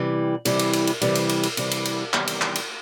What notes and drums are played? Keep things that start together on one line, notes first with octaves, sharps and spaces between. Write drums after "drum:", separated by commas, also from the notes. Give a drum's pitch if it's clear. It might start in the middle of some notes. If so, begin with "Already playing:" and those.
Already playing: C3 E3 G3
C3 E3 G3, drum: cymbal
drum: cymbal
drum: cymbal
drum: cymbal
C3 E3 G3, drum: cymbal
drum: cymbal
drum: cymbal
drum: cymbal
C3 E3 G3, drum: cymbal
drum: cymbal
drum: cymbal
E2 C3 D#3 G3, drum: clap
drum: cymbal
drum: clap
drum: cymbal